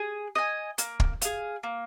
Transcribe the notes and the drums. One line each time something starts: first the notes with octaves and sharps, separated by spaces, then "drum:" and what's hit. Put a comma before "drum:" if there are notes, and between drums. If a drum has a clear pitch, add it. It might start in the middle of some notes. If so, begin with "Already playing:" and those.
Already playing: G#4
D#5 G#5
A#3, drum: hi-hat
drum: kick
G#4 F5, drum: hi-hat
A#3